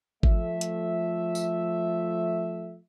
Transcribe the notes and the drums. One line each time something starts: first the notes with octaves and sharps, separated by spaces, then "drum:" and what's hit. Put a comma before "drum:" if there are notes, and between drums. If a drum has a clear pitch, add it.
F3 A3 E5, drum: kick G#1
drum: hi-hat
drum: tambourine